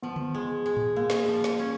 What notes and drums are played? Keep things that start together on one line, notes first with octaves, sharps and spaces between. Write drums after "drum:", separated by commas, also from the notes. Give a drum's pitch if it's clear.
F3 B3
drum: tom
G#3
G#3
drum: tom A2
G#3 A#3
drum: snare
F3
drum: snare
C#4